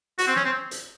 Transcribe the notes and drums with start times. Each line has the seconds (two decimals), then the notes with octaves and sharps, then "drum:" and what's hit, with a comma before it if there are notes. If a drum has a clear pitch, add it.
0.18 F#4, drum: hi-hat
0.27 C4
0.36 C#4, drum: snare
0.45 C4
0.71 drum: hi-hat